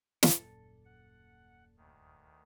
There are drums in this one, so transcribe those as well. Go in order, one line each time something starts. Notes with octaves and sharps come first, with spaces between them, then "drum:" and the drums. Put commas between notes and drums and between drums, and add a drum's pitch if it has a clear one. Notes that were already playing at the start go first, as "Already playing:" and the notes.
D#1 F#2 A#2 A#3 A4, drum: snare
F#5
D2 D#3